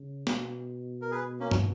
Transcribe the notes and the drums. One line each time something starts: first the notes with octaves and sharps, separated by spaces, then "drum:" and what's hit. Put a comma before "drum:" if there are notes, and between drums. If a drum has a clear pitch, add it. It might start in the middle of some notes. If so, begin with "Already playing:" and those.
Already playing: C#3
B2, drum: snare
A#4
G#4 B4
A#3 C#4
drum: tom